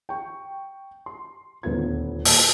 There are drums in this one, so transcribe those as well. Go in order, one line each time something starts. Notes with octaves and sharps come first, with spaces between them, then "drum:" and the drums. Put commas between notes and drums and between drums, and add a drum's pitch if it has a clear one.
G5 C#6
C6
D#1 D2 B3 F4 G#6
A#2, drum: open hi-hat